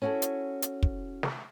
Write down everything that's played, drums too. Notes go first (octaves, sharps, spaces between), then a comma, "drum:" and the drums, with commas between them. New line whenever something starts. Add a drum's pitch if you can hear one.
C#4 E4 F#4 G#4 A4
drum: hi-hat
drum: hi-hat
drum: kick
drum: snare